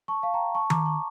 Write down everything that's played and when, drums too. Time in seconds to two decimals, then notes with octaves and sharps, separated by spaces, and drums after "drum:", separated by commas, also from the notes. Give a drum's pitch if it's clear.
0.08 A5 C#6
0.23 F5 A5
0.34 G5 A#5
0.55 A5 C#6
0.70 A#5 D6, drum: tom D#3
0.85 A5 C#6